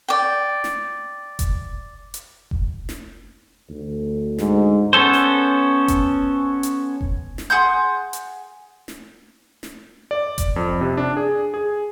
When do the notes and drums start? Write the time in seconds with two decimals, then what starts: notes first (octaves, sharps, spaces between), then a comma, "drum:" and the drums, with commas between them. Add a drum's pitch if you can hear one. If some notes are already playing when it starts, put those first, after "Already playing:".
0.08 D5 G5
0.64 drum: snare
1.39 drum: kick F1, hi-hat
2.14 drum: hi-hat
2.51 drum: kick F1
2.89 drum: snare
3.70 D2
4.38 G#2, drum: snare
4.93 B3 C#4 A4 C5
5.13 drum: snare
5.88 drum: kick F1, hi-hat
6.63 drum: hi-hat
7.01 drum: kick F1
7.38 drum: snare
7.50 G#4 F#5 C6 G6
8.13 drum: hi-hat
8.88 drum: snare
9.63 drum: snare
10.11 D5
10.38 drum: kick F1, hi-hat
10.56 F2
10.81 C3
10.97 D4
11.17 G#4
11.54 G#4